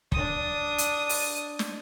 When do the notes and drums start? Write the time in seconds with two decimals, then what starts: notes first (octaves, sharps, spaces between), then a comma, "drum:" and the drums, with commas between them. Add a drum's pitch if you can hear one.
0.12 D4 D#6, drum: kick
0.78 drum: hi-hat
1.09 drum: open hi-hat
1.59 drum: snare